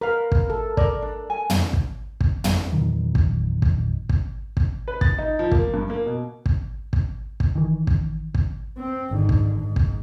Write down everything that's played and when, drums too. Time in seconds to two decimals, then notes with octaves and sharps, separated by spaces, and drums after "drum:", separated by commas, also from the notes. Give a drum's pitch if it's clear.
0.01 A#4 B4 F5
0.32 drum: kick
0.50 A4
0.77 A#4 D5, drum: kick
1.02 D4
1.30 G#5
1.50 drum: tom
1.73 drum: kick
2.20 drum: kick
2.44 drum: tom
2.72 E2 A#2 D#3 F#3
3.15 drum: kick
3.62 drum: kick
4.09 drum: kick
4.57 drum: kick
4.88 B4
5.01 A6, drum: kick
5.18 D#4
5.39 F3
5.51 A#3, drum: kick
5.74 G2
5.90 A#3
6.06 B2
6.46 drum: kick
6.93 drum: kick
7.40 drum: kick
7.55 D#3 E3
7.87 drum: kick
8.34 drum: kick
8.78 C4
9.11 G#1 G#2 D3 D#3
9.29 drum: kick
9.59 G#2
9.76 drum: kick